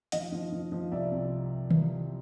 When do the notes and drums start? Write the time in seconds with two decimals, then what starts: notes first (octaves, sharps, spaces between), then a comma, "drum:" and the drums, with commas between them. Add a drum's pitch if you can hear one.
0.12 F3 D#5 F5, drum: hi-hat
0.32 F3
0.52 F3
0.72 F3
0.91 C2 D5 E5
1.11 C3
1.71 drum: tom D#3